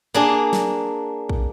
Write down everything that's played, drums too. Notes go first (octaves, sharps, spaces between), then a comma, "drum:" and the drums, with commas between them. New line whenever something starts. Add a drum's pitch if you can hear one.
A#3 D4 G#4
drum: snare
drum: kick